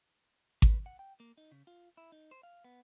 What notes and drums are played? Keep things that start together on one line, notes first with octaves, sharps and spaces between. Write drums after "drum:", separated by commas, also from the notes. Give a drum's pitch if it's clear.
B4, drum: kick G#1
F#5
G5
A#3
D#4
C#3
F4
E4
D#4
C5
F5
B3